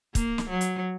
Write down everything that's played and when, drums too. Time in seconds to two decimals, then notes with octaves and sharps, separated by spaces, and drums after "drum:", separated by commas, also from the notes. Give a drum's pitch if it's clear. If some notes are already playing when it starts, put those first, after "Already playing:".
0.15 A#3, drum: kick, hi-hat
0.38 drum: snare
0.50 F#3
0.61 drum: hi-hat